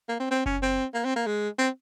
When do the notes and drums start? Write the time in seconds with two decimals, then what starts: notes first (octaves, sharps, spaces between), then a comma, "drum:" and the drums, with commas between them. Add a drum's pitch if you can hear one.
0.08 A#3
0.20 C4
0.30 C4
0.46 C#4, drum: kick F#1
0.62 C4
0.94 A#3
1.05 C4
1.16 A#3
1.26 G#3
1.58 C4